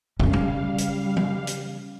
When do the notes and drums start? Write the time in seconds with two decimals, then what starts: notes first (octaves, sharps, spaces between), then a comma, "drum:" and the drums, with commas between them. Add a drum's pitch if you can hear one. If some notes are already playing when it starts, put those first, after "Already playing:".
0.20 C#3 G3 C#4 F5, drum: tom
0.33 drum: tom
0.78 drum: hi-hat
1.17 drum: tom E3
1.47 drum: hi-hat